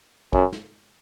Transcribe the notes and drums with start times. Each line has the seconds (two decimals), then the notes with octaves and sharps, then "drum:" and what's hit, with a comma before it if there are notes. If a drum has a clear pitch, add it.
0.33 F#2, drum: kick
0.53 drum: snare